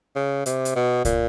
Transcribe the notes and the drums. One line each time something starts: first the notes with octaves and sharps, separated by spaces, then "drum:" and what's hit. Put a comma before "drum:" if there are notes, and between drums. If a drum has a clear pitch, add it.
C#3
C3, drum: hi-hat
drum: hi-hat
B2
A#2, drum: kick, hi-hat